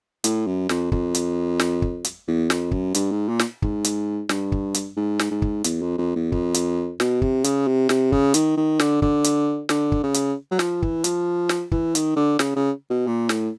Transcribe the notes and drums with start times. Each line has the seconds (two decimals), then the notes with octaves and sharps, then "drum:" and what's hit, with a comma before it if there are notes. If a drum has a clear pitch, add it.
0.24 A2, drum: hi-hat
0.47 F#2
0.69 F2, drum: snare
0.92 F2, drum: kick
1.15 drum: hi-hat
1.60 drum: snare
1.82 drum: kick
2.04 drum: hi-hat
2.27 E2
2.50 F2, drum: snare
2.71 F#2, drum: kick
2.94 G2, drum: hi-hat
3.11 G#2
3.28 A#2
3.39 drum: snare
3.62 G#2, drum: kick
3.84 drum: hi-hat
4.29 G2, drum: snare
4.52 drum: kick
4.74 drum: hi-hat
4.96 G#2
5.19 drum: snare
5.31 G#2
5.42 drum: kick
5.64 E2, drum: hi-hat
5.82 F2
5.98 F2
6.16 E2
6.32 F2, drum: kick
6.54 drum: hi-hat
7.00 B2, drum: snare
7.22 C3, drum: kick
7.44 C#3, drum: hi-hat
7.67 C3
7.89 C3, drum: snare
8.12 C#3, drum: kick
8.34 D#3, drum: hi-hat
8.57 D#3
8.79 D3, drum: snare
9.02 D3, drum: kick
9.24 drum: hi-hat
9.69 D3, drum: snare
9.92 drum: kick
10.03 C#3
10.14 drum: hi-hat
10.51 F#3
10.59 F3, drum: snare
10.82 E3, drum: kick
11.04 F3, drum: hi-hat
11.49 drum: snare
11.71 E3, drum: kick
11.95 D#3, drum: hi-hat
12.16 D3
12.39 C#3, drum: snare
12.56 C#3
12.90 B2
13.07 A#2
13.29 A2, drum: snare